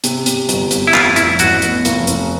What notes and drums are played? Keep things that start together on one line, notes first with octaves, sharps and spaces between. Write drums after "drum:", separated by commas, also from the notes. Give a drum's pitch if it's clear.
C3, drum: hi-hat
C3, drum: hi-hat
G1, drum: hi-hat
G1, drum: hi-hat
E4
F1 F4, drum: clap
F1 E4, drum: hi-hat
A1 F#4, drum: hi-hat
B3, drum: hi-hat
F1, drum: hi-hat
F1, drum: hi-hat